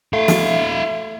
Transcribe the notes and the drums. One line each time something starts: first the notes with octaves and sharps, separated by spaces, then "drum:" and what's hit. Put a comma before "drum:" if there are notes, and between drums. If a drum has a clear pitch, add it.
A3 E4 F5
drum: snare